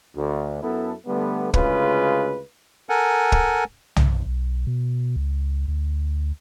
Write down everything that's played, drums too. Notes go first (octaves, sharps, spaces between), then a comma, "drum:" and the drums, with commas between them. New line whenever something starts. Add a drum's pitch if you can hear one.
D2
F#2 B3 E4 A4
D3 G3 A3 B3
D2 C#3 G#3 F4 B4, drum: kick
A4 A#4 F#5 G#5
drum: kick
B1, drum: tom
B2
C#2
D2